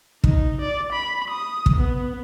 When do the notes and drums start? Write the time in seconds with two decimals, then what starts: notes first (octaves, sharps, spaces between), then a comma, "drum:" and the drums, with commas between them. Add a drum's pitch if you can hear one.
0.24 D#4, drum: kick
0.61 D5
0.92 B5
1.30 D#6
1.66 drum: kick
1.76 B3